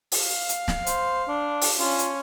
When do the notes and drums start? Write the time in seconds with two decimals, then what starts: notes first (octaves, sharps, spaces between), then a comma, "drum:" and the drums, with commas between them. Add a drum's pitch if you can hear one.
0.12 drum: open hi-hat
0.23 F5
0.49 drum: hi-hat
0.68 drum: snare
0.86 C5, drum: hi-hat
1.28 D4
1.61 drum: open hi-hat
1.80 C#4 F4
1.99 drum: hi-hat